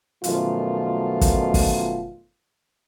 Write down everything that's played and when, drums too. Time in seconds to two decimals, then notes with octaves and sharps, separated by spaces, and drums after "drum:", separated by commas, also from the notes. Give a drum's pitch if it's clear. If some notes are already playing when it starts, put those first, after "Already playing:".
0.24 F#2 B2 D#3 F3 A3 F4, drum: hi-hat
1.21 drum: kick, hi-hat
1.54 drum: kick, open hi-hat